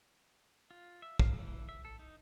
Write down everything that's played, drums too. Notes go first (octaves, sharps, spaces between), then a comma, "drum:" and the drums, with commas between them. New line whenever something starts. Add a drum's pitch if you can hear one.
F4
E5
F5, drum: kick
E3
E5
A4
D#4